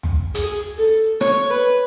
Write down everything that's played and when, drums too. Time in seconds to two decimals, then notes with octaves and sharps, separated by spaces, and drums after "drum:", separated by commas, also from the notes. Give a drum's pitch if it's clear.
0.03 drum: tom
0.35 G#4, drum: hi-hat
0.78 A4
1.21 C#5, drum: rim click
1.50 B4